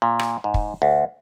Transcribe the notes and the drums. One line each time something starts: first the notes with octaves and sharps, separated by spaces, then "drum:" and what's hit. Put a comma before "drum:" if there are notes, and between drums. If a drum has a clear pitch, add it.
A#2
drum: rim click
G#2
drum: kick
D2